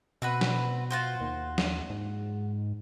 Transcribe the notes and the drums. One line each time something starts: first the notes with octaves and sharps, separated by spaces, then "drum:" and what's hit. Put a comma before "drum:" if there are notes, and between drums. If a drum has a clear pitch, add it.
B2 C4 F#4 B4
drum: snare
F4 F#4 C5
D#2
drum: snare
G#2